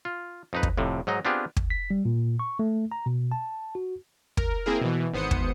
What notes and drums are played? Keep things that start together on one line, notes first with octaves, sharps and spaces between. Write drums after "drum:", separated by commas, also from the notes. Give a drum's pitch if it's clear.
F4
F2 D#4 B4
drum: kick
F2 A2 C3
G#2 F#3 D#4 D#5
B3 C4 D4 F4 G4 G#4
drum: kick
B6
G3
A#2
C#6
A3
A#5
B2
A5
F#4
A#4, drum: kick
A#3 C4 E4 G#4 A#4
B2 E3
G#1 B3 C5 D#6 C#7
drum: kick